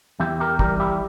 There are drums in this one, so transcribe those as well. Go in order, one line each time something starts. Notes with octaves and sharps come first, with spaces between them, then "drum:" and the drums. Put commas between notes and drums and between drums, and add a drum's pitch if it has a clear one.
E2 E4 G4
G4 A#4
E3 G3 G4 A#4, drum: kick
E4 G4